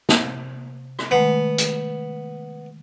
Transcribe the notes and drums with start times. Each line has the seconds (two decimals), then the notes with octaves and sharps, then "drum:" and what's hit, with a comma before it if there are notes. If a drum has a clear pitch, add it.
0.09 drum: snare
0.20 C3
0.99 drum: rim click
1.11 D#3 G#3 A3 B3
1.58 drum: hi-hat